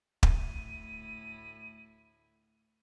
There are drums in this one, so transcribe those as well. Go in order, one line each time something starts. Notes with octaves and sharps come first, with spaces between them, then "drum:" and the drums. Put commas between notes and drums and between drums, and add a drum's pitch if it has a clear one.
D2 A2 E4 D#7, drum: kick